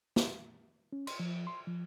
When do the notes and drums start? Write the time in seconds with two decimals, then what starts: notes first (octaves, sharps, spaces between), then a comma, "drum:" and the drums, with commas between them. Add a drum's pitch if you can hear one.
0.16 drum: snare
0.93 C#4
1.07 C6, drum: cymbal
1.20 F3
1.47 C6
1.67 F3